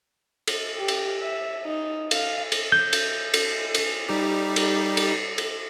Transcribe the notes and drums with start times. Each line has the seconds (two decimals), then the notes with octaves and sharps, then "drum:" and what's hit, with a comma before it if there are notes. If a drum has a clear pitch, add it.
0.47 drum: cymbal
0.78 G4
0.88 drum: cymbal
1.20 E5
1.65 D#4
2.11 F5, drum: cymbal
2.52 drum: cymbal
2.72 G6
2.93 drum: cymbal
3.34 drum: cymbal
3.74 drum: cymbal
4.09 G3 D#4 G4
4.56 drum: cymbal
4.97 drum: cymbal
5.38 drum: cymbal